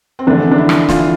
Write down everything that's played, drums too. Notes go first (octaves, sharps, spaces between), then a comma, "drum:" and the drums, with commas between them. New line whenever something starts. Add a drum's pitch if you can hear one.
C4
F1 E2 D3 A3 D4
D4
E4
drum: rim click
F4, drum: snare
E4